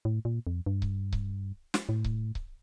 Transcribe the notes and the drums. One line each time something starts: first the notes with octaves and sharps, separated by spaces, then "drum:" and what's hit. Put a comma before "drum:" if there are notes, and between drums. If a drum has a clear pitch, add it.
A2
A#2
F2
G2
drum: kick C#1
drum: kick C#1
drum: snare
A2
drum: kick C#1
drum: kick C#1